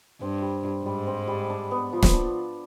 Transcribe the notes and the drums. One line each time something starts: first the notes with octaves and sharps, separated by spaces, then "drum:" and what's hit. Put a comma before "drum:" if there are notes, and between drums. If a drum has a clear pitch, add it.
G2 C4
G3
G3
G#2 G3
C4
G3
D4
B3
F3
drum: snare
D4